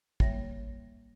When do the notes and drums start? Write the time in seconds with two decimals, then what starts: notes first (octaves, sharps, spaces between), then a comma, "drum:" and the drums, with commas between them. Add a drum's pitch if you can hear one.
0.20 G3 A#3 C#5 E5 A#6, drum: kick